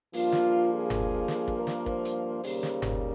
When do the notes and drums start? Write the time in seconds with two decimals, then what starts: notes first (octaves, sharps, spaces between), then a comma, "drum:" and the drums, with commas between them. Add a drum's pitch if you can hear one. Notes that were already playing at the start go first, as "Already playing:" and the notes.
0.13 G2 F3 A#3 F4, drum: open hi-hat
0.32 drum: snare
0.70 G#4
0.90 drum: tom F#1
1.28 G#4, drum: snare
1.48 drum: kick
1.57 A#4
1.67 drum: snare
1.86 C5, drum: kick
2.05 drum: hi-hat
2.44 D#2 C#3 G3 A#3, drum: open hi-hat
2.63 drum: snare
2.82 drum: tom F#1